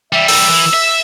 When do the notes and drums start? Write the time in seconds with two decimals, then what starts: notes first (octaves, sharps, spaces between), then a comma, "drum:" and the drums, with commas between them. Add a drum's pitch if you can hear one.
0.13 E3 G3 E5
0.28 E6, drum: open hi-hat
0.49 E3
0.74 E5